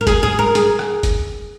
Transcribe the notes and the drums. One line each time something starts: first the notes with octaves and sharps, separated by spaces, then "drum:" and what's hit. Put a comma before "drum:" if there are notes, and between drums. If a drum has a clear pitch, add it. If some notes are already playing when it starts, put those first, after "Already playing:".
A#4
G#4, drum: kick, hi-hat
G#4
A#4
G#4, drum: hi-hat
drum: rim click
drum: kick, hi-hat